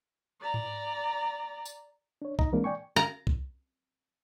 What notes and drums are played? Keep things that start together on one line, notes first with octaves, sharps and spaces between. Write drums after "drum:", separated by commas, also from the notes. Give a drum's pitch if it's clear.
D5 A#5
drum: tom G#2
drum: tambourine
D4 C#5
D#4 D#5 A#5, drum: kick
E3 G#3 A#3 C4 D4 A#4
D5 G5 G#5 C#6
A#5
drum: kick